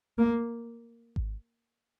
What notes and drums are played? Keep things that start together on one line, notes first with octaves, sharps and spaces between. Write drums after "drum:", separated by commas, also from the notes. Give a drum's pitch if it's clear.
A#3
drum: kick G#1